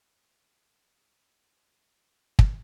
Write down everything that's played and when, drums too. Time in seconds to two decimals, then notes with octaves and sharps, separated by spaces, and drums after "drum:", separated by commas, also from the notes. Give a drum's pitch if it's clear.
0.12 A5
0.52 D#6
0.91 F#5
1.32 D5
1.62 A#4
2.05 B5
2.39 drum: kick